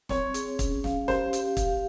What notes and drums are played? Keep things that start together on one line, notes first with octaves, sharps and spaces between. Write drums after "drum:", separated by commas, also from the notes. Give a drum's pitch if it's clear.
C4 C#5, drum: snare
G#4, drum: hi-hat
C#4, drum: kick, hi-hat
F5, drum: snare
G4 C5, drum: snare
G4, drum: hi-hat
F5, drum: kick, hi-hat